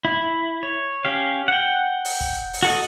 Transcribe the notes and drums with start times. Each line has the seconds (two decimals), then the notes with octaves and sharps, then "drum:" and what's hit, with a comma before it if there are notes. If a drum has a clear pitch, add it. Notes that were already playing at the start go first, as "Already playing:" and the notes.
0.05 E4
0.63 C#5
1.05 C#4 G4 F5
1.48 F#5 G5
2.05 drum: open hi-hat
2.21 drum: kick
2.53 drum: open hi-hat
2.63 F#4 A4 D#5